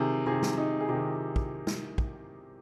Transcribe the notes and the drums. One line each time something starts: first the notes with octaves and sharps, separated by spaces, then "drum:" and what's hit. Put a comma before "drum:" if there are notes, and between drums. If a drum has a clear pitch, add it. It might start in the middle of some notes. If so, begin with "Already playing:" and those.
Already playing: C3 D#3 G#4
C3 D#3 G#4
drum: snare
D#4
G#4
C3 G4
D#3
drum: kick
drum: snare
drum: kick